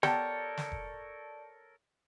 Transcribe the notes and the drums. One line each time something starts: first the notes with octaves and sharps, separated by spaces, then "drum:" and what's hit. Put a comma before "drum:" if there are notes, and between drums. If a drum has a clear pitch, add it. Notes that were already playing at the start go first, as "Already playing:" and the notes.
B3 G4 A4 A#4 C#5 D5 A5 G6, drum: snare
drum: snare
drum: kick F1